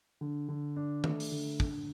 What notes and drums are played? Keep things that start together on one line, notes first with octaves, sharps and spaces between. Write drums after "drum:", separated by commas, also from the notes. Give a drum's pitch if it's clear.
D3
D3
D4
A3, drum: tom D#3
drum: open hi-hat
D3
D3, drum: kick